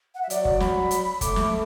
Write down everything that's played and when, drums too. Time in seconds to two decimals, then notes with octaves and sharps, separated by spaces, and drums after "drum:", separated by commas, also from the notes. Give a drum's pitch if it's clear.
0.15 F#5
0.23 E5
0.30 F#3 D5, drum: hi-hat
0.45 drum: kick F#1
0.60 B5, drum: snare
0.91 drum: hi-hat
1.21 A3 D6, drum: kick F#1, hi-hat
1.36 drum: snare